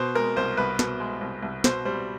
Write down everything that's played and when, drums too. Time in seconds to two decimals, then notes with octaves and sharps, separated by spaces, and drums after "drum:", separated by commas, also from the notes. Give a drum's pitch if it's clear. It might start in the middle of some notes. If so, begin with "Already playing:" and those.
Already playing: B2 C5
0.15 G#3 A#4
0.36 C2 C5
0.57 C2 B4
0.79 B2, drum: snare
1.00 G#3
1.21 C2
1.43 C2
1.64 B2 C5, drum: snare
1.85 G3 C5